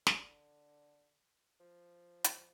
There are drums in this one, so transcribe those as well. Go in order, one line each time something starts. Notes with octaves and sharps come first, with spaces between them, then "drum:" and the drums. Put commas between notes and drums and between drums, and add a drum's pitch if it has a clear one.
D3, drum: snare
F3
drum: hi-hat